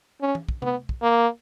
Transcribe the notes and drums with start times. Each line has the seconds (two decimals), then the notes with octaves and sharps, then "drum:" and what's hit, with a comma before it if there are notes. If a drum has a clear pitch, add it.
0.21 C#4
0.35 drum: tom E3
0.49 drum: kick
0.62 B3, drum: tom C3
0.89 drum: kick
1.02 A#3